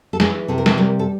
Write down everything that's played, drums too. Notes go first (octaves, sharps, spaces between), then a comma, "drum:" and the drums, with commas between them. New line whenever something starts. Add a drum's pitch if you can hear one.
A4
E3 G#4, drum: snare
C3 A4
A#4
A4, drum: snare
G3 A#4
A4